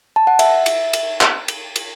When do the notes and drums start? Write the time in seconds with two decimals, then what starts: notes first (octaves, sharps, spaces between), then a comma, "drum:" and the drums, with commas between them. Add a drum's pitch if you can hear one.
0.16 A5
0.27 F#5
0.39 E5, drum: cymbal
0.66 drum: cymbal
0.93 drum: cymbal
1.21 drum: clap
1.48 drum: cymbal
1.76 drum: cymbal